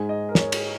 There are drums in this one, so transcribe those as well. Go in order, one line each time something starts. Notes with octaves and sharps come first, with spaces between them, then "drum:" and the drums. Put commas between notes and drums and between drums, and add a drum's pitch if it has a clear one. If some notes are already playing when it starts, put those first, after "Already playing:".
Already playing: G#2 G#3 D#4 G#5
D#5
A#4
C#5, drum: snare
G#4, drum: cymbal